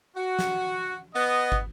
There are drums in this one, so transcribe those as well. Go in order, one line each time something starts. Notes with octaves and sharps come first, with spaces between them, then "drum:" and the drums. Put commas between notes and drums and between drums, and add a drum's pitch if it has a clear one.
F#4
drum: snare
B3 D#5
drum: kick